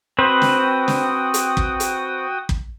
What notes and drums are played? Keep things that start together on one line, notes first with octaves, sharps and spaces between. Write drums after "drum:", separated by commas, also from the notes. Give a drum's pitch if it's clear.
C4 F#4 B4 C5 G5 D#6
drum: snare
drum: snare
drum: hi-hat
drum: kick
drum: hi-hat
drum: kick